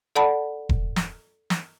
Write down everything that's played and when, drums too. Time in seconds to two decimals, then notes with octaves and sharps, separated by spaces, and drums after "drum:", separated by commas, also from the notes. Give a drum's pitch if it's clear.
0.16 A4 D5 F#5 A5 B5
0.69 drum: kick E1
0.96 drum: snare
1.50 drum: snare